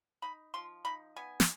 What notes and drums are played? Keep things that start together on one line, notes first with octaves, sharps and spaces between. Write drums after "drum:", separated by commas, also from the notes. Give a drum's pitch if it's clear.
D#4 B5
F3 C6
D#4 B5
B3 G#5
drum: snare